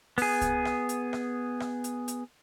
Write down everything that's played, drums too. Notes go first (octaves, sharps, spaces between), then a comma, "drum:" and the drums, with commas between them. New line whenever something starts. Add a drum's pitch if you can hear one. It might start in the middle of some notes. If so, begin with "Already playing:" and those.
B3 G#4, drum: open hi-hat
drum: kick C2, hi-hat
drum: rim click
drum: hi-hat
drum: rim click
drum: rim click
drum: hi-hat
drum: hi-hat